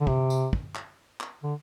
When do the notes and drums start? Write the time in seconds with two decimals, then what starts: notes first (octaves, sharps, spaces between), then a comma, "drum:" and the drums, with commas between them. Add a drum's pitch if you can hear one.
0.01 D3
0.07 C3, drum: kick
0.30 drum: tambourine
0.53 drum: kick
0.76 drum: clap
1.21 drum: clap
1.43 D3